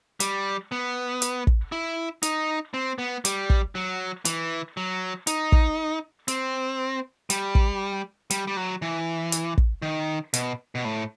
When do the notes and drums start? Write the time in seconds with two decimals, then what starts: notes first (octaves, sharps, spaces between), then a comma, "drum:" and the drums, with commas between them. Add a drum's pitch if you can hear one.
0.20 G3, drum: hi-hat
0.72 B3
1.22 drum: hi-hat
1.47 drum: kick
1.72 E4
2.23 D#4, drum: hi-hat
2.74 C4
2.98 B3
3.25 G3, drum: hi-hat
3.50 drum: kick
3.75 F#3
4.25 E3, drum: hi-hat
4.77 F#3
5.27 D#4, drum: hi-hat
5.52 drum: kick
6.28 C4, drum: hi-hat
7.30 G3, drum: hi-hat
7.55 drum: kick
8.30 G3, drum: hi-hat
8.47 G3
8.57 F#3
8.82 E3
9.32 drum: hi-hat
9.58 drum: kick
9.82 D#3
10.34 B2, drum: hi-hat
10.75 B2
10.85 A2